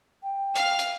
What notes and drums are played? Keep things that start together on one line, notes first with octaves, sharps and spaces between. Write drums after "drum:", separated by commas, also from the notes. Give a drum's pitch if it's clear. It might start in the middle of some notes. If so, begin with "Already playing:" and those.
G5
F5 F6, drum: hi-hat
drum: hi-hat